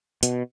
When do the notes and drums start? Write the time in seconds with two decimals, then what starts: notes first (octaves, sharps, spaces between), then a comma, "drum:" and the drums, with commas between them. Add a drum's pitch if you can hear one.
0.23 B2, drum: hi-hat